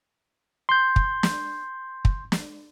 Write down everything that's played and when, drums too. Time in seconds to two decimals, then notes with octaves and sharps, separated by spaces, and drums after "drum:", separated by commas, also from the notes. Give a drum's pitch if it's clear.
0.69 C6 G6
0.96 drum: kick
1.23 drum: snare
2.05 drum: kick
2.32 drum: snare